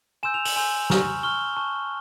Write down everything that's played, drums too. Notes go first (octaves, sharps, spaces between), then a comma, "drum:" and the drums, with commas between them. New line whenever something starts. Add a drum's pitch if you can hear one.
G#5 C6 E6 G6 E7
F7
F#7, drum: open hi-hat
G#5 C6 E6 G6
A#5 C#6 F6, drum: snare
A#5 C#6 F6 G7
A5 C#6 F#6